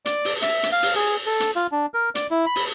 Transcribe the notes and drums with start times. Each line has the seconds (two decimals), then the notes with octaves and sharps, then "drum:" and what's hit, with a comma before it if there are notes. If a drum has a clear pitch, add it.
0.05 D5, drum: hi-hat
0.25 drum: open hi-hat
0.42 E5, drum: hi-hat
0.63 drum: hi-hat
0.72 F5
0.82 drum: open hi-hat
0.96 G#4
1.26 A4
1.40 drum: hi-hat
1.56 F4
1.72 D4
1.94 A#4
2.15 D5, drum: hi-hat
2.31 E4
2.46 B5
2.55 drum: open hi-hat